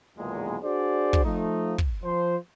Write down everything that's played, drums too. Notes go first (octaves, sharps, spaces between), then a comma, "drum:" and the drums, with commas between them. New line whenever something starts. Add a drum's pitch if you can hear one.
B1 E2 A#2 D#3 G#3
D4 F#4 G#4 C5 D5
drum: kick
F3 A3 D#4
drum: kick
F3 C5